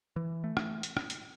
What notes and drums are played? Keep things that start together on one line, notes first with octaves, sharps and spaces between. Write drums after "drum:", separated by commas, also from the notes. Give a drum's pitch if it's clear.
E3
A3
drum: rim click
drum: hi-hat
drum: rim click
drum: hi-hat